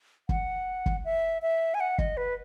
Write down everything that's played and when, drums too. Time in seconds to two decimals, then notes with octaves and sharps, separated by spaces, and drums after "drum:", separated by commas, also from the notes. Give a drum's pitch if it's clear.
0.29 F#5, drum: kick
0.86 drum: kick
1.05 E5
1.42 E5
1.74 G#5
1.80 F#5
1.98 D#5, drum: kick
2.17 B4